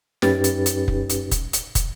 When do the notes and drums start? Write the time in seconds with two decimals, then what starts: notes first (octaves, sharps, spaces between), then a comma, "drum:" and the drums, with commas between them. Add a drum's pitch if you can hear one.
0.22 F#2 C#4 D#4 G4 B4 A6, drum: snare
0.44 drum: hi-hat
0.66 drum: hi-hat
0.88 drum: kick
1.10 drum: hi-hat
1.31 drum: kick, hi-hat
1.53 drum: hi-hat
1.75 drum: kick, hi-hat